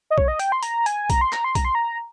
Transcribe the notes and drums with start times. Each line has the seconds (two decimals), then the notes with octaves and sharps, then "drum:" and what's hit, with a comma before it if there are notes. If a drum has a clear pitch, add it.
0.11 D#5
0.18 C#5, drum: kick
0.28 D#5
0.39 G5, drum: hi-hat
0.52 C6
0.63 A#5, drum: hi-hat
0.86 G#5, drum: hi-hat
1.10 A#5, drum: kick, hi-hat
1.21 C6
1.33 A#5, drum: clap
1.44 C6
1.55 A#5, drum: kick, hi-hat
1.65 C6
1.75 A#5